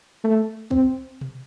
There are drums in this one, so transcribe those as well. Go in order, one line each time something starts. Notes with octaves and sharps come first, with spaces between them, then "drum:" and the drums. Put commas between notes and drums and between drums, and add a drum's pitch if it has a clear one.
A3
C4, drum: kick
drum: tom B2